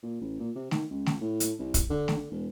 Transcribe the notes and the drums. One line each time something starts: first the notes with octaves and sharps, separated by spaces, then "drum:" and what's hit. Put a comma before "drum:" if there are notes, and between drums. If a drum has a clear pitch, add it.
A#2
A1
A#2
C3
D#3, drum: snare A3
C#2
drum: snare A3
A2
drum: hi-hat
C2
drum: kick, hi-hat
D3
drum: snare A3
D3
E1